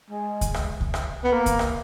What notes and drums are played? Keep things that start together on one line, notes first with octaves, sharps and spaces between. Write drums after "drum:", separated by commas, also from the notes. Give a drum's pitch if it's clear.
G#3
drum: kick C#2, hi-hat
drum: rim click
drum: kick C#2
drum: rim click
B3
A#3
drum: kick C#2, hi-hat
drum: rim click